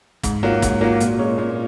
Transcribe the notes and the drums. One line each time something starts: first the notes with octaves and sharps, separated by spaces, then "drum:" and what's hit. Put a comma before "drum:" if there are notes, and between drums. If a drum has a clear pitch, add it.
G#2, drum: kick, hi-hat
F#3 A#3 F4
G#2, drum: kick, hi-hat
F#3 A#3 F4
A#2, drum: hi-hat
G#3 C#4
A#2